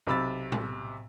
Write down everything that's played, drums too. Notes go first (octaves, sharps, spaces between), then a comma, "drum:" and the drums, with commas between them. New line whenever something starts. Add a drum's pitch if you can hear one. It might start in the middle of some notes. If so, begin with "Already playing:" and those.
B1 C3 B5 E6 A6
drum: tom A2